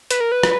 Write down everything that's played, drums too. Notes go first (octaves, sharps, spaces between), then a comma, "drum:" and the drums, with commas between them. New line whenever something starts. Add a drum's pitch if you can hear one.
B4, drum: hi-hat
A#4
B4
drum: rim click